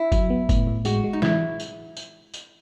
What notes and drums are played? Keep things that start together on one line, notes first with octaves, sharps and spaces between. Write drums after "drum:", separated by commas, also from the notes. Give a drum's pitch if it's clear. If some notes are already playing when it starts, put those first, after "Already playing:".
Already playing: E4
F#3, drum: kick F#1, tambourine
B3
A2, drum: kick F#1, tambourine
A2
G#3 F#4, drum: tambourine
G#3
D#4
E3 E4, drum: snare
drum: tambourine
drum: tambourine
drum: tambourine